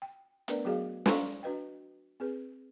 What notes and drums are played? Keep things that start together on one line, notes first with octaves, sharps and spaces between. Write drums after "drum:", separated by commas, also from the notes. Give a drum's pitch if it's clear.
G5
A3 B3 D4 A#4 B4 D5, drum: hi-hat
F#3 B3 F#4 G#4 D#5 F5
C5 F5 A#5 C6 C#6, drum: snare
D4 F#4 B4 D#5 G5
C4 G#4 B4